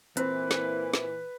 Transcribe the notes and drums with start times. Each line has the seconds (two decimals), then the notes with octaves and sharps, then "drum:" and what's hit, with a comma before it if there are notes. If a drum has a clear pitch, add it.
0.17 A#2 E3 C4 B4, drum: hi-hat
0.51 drum: snare
0.94 drum: snare